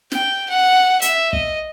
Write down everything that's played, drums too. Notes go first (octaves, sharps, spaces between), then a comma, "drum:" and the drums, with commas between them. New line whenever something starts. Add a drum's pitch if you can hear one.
G5, drum: snare
F#5
E5, drum: hi-hat
D#5, drum: kick